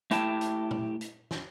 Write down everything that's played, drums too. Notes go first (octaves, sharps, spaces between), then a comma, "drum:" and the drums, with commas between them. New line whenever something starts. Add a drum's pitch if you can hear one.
A3 E4 G4 G5 A5, drum: hi-hat
drum: hi-hat
drum: tom
drum: hi-hat
drum: snare